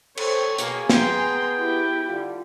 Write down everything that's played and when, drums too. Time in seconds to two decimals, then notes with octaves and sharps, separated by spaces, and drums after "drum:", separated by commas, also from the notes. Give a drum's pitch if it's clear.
0.17 A4 C5 C#5, drum: cymbal
0.58 B2 A#3 G#4 G#5, drum: hi-hat
0.89 B3 G5 A#5 C6, drum: snare
1.59 E4 G4
2.09 D3 G3 F4